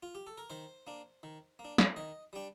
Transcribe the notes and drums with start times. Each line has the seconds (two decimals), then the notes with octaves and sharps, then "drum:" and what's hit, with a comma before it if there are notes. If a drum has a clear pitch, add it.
0.03 F4
0.15 G4
0.27 A4
0.38 A#4
0.50 D#3 C5
0.87 A#3 D4
1.23 D#3
1.59 A#3
1.65 D4
1.78 drum: snare
1.96 D#3 D#5
2.33 G3 D4 G5